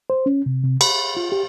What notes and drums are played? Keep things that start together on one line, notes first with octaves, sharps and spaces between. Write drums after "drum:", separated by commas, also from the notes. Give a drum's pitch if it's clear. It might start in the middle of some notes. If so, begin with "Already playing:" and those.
C5
C#4
C3
C3
B5, drum: cymbal
F4
G4